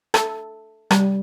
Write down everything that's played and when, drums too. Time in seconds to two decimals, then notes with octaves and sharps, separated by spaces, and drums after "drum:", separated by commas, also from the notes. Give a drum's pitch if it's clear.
0.14 A4, drum: rim click
0.91 G3, drum: rim click